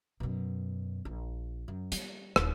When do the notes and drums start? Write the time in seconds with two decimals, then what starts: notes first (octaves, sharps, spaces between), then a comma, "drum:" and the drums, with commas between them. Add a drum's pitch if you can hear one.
0.20 F#2 B2
1.05 A#1
1.68 F#2
1.92 G3, drum: hi-hat
2.36 D#1, drum: rim click